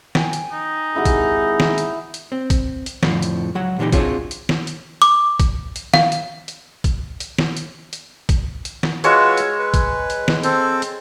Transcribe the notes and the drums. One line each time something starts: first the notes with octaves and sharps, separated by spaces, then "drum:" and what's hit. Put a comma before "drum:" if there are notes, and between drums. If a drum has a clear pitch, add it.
G5 G#5, drum: snare
drum: hi-hat
D#4
G#1 E4 G4 G#4 F#5
drum: kick, hi-hat
drum: snare
drum: hi-hat
drum: hi-hat
C4
drum: kick, hi-hat
drum: hi-hat
F2 A2 D3 F3, drum: snare
drum: hi-hat
C#2 F#3 F#5
A#2 D3 E3 D4 D#4 G4
C4 D4 F4 F#4 G#4 C#5, drum: kick, hi-hat
drum: hi-hat
drum: snare
drum: hi-hat
D6, drum: hi-hat
drum: kick, hi-hat
drum: hi-hat
F5, drum: snare
drum: hi-hat
drum: hi-hat
drum: kick, hi-hat
drum: hi-hat
drum: snare
drum: hi-hat
drum: hi-hat
drum: kick, hi-hat
drum: hi-hat
drum: snare
G#3 F4 F#4 B4 C#5 E6, drum: hi-hat
drum: hi-hat
B4
drum: kick, hi-hat
drum: hi-hat
drum: snare
C4 A4 C5, drum: hi-hat
drum: hi-hat